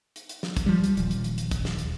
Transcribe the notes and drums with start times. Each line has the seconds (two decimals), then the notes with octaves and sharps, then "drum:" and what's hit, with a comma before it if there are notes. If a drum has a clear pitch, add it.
0.16 drum: hi-hat
0.29 drum: hi-hat
0.43 drum: snare
0.57 drum: kick, hi-hat
0.66 F3 G3
0.84 drum: hi-hat
0.97 D#1, drum: hi-hat
1.11 drum: hi-hat
1.24 drum: hi-hat
1.38 drum: hi-hat
1.51 drum: kick, hi-hat
1.65 drum: snare
1.79 drum: hi-hat